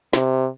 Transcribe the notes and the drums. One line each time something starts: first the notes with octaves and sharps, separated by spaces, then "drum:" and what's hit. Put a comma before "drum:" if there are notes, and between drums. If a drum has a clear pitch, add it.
C3, drum: snare